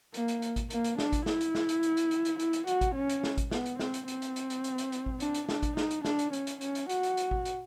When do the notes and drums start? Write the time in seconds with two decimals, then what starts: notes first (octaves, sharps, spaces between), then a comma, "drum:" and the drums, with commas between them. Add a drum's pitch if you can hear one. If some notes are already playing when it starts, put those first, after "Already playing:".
0.14 A#3, drum: hi-hat
0.28 drum: hi-hat
0.42 drum: hi-hat
0.56 drum: kick G#1, hi-hat
0.70 A#3, drum: hi-hat
0.84 drum: hi-hat
0.98 D4, drum: snare
1.13 drum: kick G#1, hi-hat
1.26 E4, drum: snare
1.41 drum: hi-hat
1.55 drum: snare
1.69 drum: hi-hat
1.83 drum: hi-hat
1.97 drum: hi-hat
2.11 drum: hi-hat
2.25 drum: hi-hat
2.39 E4, drum: hi-hat
2.53 drum: hi-hat
2.67 F#4, drum: hi-hat
2.81 drum: kick G#1, hi-hat
2.95 C#4
3.09 drum: hi-hat
3.23 drum: snare
3.38 drum: kick G#1, hi-hat
3.51 B3, drum: snare
3.66 drum: hi-hat
3.79 C4, drum: snare
3.94 drum: hi-hat
4.08 C4, drum: hi-hat
4.22 drum: hi-hat
4.36 drum: hi-hat
4.50 drum: hi-hat
4.64 drum: hi-hat
4.78 drum: hi-hat
4.92 drum: hi-hat
5.06 drum: kick G#1
5.20 D4, drum: hi-hat
5.34 drum: hi-hat
5.49 D4, drum: snare
5.63 drum: kick G#1, hi-hat
5.77 D#4, drum: snare
5.91 drum: hi-hat
6.05 D4, drum: snare
6.19 drum: hi-hat
6.33 C#4, drum: hi-hat
6.47 drum: hi-hat
6.61 C#4, drum: hi-hat
6.75 drum: hi-hat
6.89 F#4, drum: hi-hat
7.03 drum: hi-hat
7.17 drum: hi-hat
7.31 drum: kick G#1
7.45 drum: hi-hat